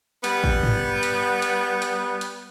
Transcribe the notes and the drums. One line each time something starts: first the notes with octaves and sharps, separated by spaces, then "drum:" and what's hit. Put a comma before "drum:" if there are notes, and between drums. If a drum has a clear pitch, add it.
G3 B3, drum: hi-hat
drum: kick A1
drum: tom
drum: hi-hat
drum: hi-hat
drum: hi-hat
drum: hi-hat